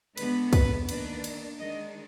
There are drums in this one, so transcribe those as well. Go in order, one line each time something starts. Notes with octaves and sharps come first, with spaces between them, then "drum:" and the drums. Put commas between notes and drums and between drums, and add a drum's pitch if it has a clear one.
D3 G#3 B3 B4, drum: cymbal
B4, drum: kick, cymbal
D#3 A#3 D4 B4, drum: cymbal
drum: cymbal
D#3 G#3 D4 D#5